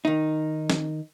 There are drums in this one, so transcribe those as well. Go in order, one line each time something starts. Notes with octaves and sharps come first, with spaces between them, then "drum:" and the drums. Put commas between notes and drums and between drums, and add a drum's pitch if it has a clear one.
D#3 D#4
drum: snare